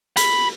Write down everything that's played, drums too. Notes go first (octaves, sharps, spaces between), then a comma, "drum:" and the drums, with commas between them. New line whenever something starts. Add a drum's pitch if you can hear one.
B5, drum: hi-hat